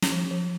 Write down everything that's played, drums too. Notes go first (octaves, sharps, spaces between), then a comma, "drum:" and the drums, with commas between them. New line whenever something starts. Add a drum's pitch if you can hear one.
drum: snare
F3
F3